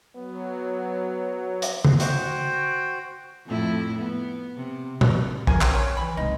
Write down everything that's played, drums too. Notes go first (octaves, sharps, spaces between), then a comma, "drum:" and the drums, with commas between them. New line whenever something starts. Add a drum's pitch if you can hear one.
F#3 B3
drum: hi-hat
drum: tom C#3
F#4 C5 F#5 G5, drum: hi-hat
F2 A2 E4
B3
C3
drum: tom A#2
G#4 A#4 G#5, drum: kick A#1
F#3 C4 D4, drum: clap
C#5
E3 B5
C2 F3 G#3 D#4